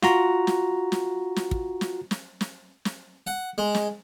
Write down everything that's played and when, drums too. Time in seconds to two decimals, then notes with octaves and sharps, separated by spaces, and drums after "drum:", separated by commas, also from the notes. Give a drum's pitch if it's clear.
0.02 F4 F#4 A#5, drum: snare
0.47 drum: snare
0.92 drum: snare
1.36 drum: snare
1.51 drum: kick
1.81 drum: snare
2.11 drum: snare
2.41 drum: snare
2.85 drum: snare
3.27 F#5
3.58 G#3
3.75 drum: snare